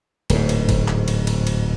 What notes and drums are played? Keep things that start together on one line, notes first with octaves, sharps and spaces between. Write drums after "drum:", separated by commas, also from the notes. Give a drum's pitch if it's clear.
D1 G#2, drum: cymbal
drum: cymbal
drum: kick, cymbal
drum: clap
drum: cymbal
drum: cymbal
drum: cymbal